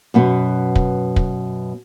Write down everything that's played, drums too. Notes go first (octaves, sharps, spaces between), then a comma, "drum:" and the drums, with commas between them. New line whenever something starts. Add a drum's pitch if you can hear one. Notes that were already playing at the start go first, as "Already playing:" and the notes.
F#2 B2 B3
drum: kick
drum: kick